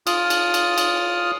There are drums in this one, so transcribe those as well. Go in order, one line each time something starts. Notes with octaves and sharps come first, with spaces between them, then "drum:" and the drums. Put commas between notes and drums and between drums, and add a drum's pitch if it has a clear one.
F4 D#6 F6, drum: cymbal
drum: cymbal
drum: cymbal
drum: cymbal